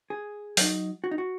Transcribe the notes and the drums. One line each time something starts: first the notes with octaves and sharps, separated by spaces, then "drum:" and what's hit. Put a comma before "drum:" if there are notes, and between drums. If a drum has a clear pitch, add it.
G#4
F#3 D#4, drum: open hi-hat
F#4
D#4
F#4